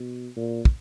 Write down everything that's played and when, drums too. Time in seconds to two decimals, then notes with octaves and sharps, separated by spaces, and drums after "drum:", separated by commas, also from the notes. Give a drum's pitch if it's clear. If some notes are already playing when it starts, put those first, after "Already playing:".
Already playing: B2
0.36 A#2
0.65 drum: kick